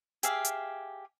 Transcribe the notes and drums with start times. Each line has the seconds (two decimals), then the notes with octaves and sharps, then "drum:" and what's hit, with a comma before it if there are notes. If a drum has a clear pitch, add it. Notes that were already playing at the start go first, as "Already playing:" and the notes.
0.23 G4 G#4 E5 F5, drum: hi-hat
0.45 drum: hi-hat